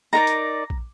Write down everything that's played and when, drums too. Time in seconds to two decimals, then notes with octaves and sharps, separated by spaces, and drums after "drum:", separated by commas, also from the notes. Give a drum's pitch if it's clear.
0.13 D#4 A#4 D5 A#5
0.27 drum: hi-hat
0.70 drum: kick A#1